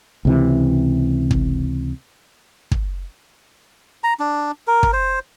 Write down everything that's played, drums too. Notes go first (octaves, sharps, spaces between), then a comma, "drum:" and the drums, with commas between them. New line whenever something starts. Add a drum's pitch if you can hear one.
C#2 C3 E3
drum: kick
drum: kick
A#5
D4
A#4
drum: kick
C5